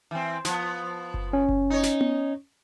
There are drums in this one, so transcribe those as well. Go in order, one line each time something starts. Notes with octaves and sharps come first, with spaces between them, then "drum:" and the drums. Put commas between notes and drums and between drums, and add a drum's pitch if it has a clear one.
E3 C4
F3 B3, drum: snare
drum: kick F#1
C#4
drum: kick F#1
D#4 C#5
drum: snare
drum: tom B3